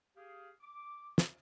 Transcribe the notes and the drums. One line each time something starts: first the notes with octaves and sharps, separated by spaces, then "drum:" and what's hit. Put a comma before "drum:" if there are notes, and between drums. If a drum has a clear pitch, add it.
G4 G#4 F5
D6
drum: snare